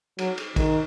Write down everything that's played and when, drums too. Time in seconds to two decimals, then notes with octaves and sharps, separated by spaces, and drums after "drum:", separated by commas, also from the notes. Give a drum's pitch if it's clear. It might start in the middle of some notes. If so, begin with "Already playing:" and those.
0.19 F#3, drum: cymbal
0.38 drum: cymbal
0.56 D#3, drum: kick A#1, cymbal